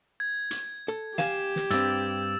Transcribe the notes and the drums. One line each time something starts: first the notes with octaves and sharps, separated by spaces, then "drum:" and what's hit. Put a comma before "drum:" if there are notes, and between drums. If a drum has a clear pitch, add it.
G#6
drum: hi-hat
A4
G4 F5 G#5 E7, drum: snare
drum: snare
G2 C4 E6 A6, drum: hi-hat